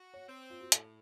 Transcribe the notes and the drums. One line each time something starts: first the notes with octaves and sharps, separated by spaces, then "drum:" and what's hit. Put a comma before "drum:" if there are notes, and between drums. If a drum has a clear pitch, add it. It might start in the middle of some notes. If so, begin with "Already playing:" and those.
Already playing: F#4
C#5
C4
F4
F#4
A2 A4, drum: hi-hat